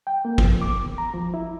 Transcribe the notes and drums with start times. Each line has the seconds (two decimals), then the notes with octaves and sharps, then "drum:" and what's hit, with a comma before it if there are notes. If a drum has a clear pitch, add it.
0.07 G5
0.25 A#3
0.38 F3, drum: kick
0.61 D6
0.85 E2
0.98 A#5
1.14 F3
1.34 E4